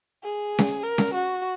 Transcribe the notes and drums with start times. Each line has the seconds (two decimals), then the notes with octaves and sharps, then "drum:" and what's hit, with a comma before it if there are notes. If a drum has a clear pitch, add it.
0.24 G#4
0.59 drum: snare C#4
0.83 A#4
0.98 drum: snare C#4
1.14 F#4